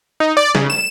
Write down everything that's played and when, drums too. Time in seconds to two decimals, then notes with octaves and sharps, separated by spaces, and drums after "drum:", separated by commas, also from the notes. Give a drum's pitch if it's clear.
0.20 D#4
0.37 D5
0.55 C#3, drum: snare
0.70 E7